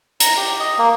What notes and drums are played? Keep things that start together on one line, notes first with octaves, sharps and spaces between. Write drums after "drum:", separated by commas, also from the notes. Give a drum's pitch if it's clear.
A#5, drum: hi-hat
G4
D#5
A#3